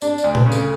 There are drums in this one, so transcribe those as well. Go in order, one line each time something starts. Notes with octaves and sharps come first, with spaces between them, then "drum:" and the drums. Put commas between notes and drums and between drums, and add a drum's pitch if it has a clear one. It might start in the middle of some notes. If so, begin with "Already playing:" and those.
D4 D5, drum: tambourine
D5, drum: tambourine
D2
B4, drum: tom A#2
C#3
A4, drum: tambourine